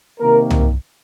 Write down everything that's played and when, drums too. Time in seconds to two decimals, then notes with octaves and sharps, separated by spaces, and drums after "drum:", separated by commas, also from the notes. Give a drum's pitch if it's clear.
0.19 C3 D#3 A#3 A#4
0.51 drum: tom C2